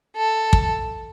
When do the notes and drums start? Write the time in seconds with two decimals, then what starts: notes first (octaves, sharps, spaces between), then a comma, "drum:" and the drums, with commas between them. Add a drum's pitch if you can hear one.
0.16 A4
0.53 drum: kick